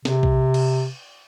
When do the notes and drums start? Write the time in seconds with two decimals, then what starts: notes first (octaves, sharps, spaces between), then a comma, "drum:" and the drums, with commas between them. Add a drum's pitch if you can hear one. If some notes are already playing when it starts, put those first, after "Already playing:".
0.05 C3, drum: snare
0.23 drum: kick
0.54 drum: cymbal